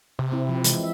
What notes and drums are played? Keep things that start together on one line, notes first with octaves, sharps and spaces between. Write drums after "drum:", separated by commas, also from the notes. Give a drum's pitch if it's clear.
C3
C4 E4
F3
E3 G#3, drum: hi-hat
E3 E5